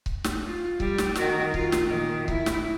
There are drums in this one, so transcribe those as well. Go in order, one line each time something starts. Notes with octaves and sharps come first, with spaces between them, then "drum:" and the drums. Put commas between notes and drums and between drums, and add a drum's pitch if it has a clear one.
drum: kick C#1
drum: snare
F4
G3, drum: kick C#1
drum: snare
D#3 F#4, drum: snare
F4, drum: kick C#1
drum: snare
A#2 D#3
E4, drum: kick C#1
drum: snare